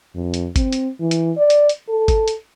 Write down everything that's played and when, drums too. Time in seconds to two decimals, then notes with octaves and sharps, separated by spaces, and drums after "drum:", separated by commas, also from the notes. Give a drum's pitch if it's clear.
0.15 F2
0.34 drum: hi-hat
0.56 C4, drum: kick G1, hi-hat
0.73 drum: hi-hat
1.00 E3
1.11 drum: hi-hat
1.38 D5
1.50 drum: hi-hat
1.69 drum: hi-hat
1.89 A4
2.08 drum: kick G1, hi-hat
2.28 drum: hi-hat